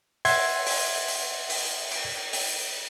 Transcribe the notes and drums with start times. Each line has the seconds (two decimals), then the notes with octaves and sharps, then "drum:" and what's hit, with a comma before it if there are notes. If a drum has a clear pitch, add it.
0.25 E5 F#5 C6 G#6, drum: open hi-hat
0.67 drum: open hi-hat
1.08 drum: open hi-hat
1.50 drum: open hi-hat
1.91 drum: open hi-hat
2.33 drum: open hi-hat